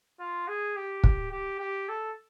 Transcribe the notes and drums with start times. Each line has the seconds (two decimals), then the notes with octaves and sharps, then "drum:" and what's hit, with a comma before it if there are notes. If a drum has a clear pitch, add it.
0.20 F4
0.48 G#4
0.76 G4
1.04 drum: kick
1.31 G4
1.59 G4
1.88 A4